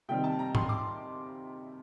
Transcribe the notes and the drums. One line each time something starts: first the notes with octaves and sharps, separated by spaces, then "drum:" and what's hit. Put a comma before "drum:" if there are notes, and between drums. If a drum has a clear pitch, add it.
C3 D#3 G3 C4 D#4 G5
A5
A#5
C6, drum: tom G#2
D6